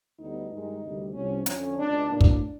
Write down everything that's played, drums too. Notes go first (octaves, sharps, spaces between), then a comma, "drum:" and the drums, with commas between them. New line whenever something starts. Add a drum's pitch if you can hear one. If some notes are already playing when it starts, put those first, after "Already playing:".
D2 D3 G3 B3 D#4
G2 D#3 G#3 D#4
D2 C3 D#3 G3
C2 C3 F3 C#4
F2 D3 F3 C#4, drum: hi-hat
C#2 B2 G#3 D4
A2 F#3 A#3 D4
drum: kick